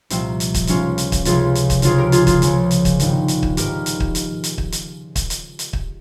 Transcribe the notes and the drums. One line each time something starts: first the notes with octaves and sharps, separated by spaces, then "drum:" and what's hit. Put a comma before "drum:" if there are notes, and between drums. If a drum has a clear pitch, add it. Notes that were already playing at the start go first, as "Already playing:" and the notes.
C2 A#2 F3 C4, drum: hi-hat
drum: hi-hat
drum: kick, hi-hat
C#2 C3 F3 C#4 F4, drum: hi-hat
drum: hi-hat
drum: kick, hi-hat
C#2 C3 F3 F4 G#4, drum: hi-hat
drum: hi-hat
drum: kick, hi-hat
C#2 C#3 F3 F4 G#4, drum: hi-hat
G4 A#4
F4 G#4, drum: hi-hat
F4 G#4, drum: kick, hi-hat
C#2 C#3 F3, drum: hi-hat
drum: hi-hat
drum: kick, hi-hat
A#1 G#2 D#3, drum: hi-hat
drum: hi-hat
drum: kick
A#1 G#2 D#3 G4 A#4, drum: hi-hat
drum: hi-hat
drum: kick
drum: hi-hat
drum: hi-hat
drum: kick
drum: hi-hat
drum: kick, hi-hat
drum: hi-hat
drum: hi-hat
drum: kick